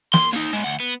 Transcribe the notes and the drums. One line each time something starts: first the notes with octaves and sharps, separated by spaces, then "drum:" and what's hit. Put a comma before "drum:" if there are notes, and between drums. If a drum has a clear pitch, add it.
C6, drum: snare
A#3 D#4, drum: hi-hat
G#3 B3
D2 F#5
B3